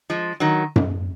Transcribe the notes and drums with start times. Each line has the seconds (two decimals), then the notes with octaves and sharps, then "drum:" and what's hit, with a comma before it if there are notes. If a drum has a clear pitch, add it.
0.10 F3 G#3
0.40 D#3 F#3
0.76 drum: tom F#2